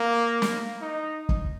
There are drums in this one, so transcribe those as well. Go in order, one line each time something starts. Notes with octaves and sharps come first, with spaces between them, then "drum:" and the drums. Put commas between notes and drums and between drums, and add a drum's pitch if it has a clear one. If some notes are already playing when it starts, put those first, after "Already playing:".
Already playing: A#3
drum: snare
D#4
drum: kick F#1